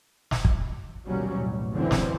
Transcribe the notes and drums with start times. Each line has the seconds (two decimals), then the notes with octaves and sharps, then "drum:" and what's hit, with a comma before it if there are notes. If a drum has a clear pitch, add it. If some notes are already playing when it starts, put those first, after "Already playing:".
0.31 drum: snare
0.45 drum: kick
1.04 A#1 D#2 B2 F#3 G3 C#4
1.38 A1
1.74 C#2 F#2 D3 E3 F#3 C4
1.91 drum: snare